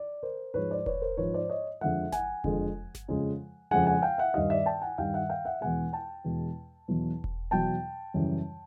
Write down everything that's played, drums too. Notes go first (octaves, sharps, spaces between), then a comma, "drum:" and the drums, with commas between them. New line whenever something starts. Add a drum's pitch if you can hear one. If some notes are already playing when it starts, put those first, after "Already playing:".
Already playing: D5
A#4 C5
G#2 F3 G#3 B4 C#5
C5 D5
B4 C#5, drum: kick E1
A#4 C5
G#2 F3 G#3 B4 C#5
C5 D5
C#5 D#5
F2 D3 F3 G#3 E5 F#5
F#5 G#5, drum: snare G1
F2 D3 F3 G#3, drum: kick E1
drum: snare G1
F2 C#3 F3 G#3
F2 C#3 F3 G#3 F#5 G#5
F#5 G#5
F5 G5
E5 F#5
G2 D#3 G3 D#5 F5
D5 E5
G5 A5
F#5 G#5
G2 D#3 G3 F5 G5
E5 F#5
F5 G5
E5 F#5
E2 B2 G#3 F#5 G#5
G5 A5
E2 B2 G#3
E2 B2 F#3
drum: kick E1
E2 B2 F#3 G5 A5
F#2 C#3 E3 G3